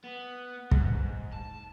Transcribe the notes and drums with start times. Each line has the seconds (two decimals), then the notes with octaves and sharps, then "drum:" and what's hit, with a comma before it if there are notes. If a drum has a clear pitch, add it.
0.04 B3
0.71 G#2, drum: kick
1.33 A5